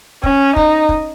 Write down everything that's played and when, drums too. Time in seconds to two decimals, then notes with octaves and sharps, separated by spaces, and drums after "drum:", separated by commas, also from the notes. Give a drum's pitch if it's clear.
0.24 C#4, drum: kick
0.56 D#4, drum: kick
0.89 drum: kick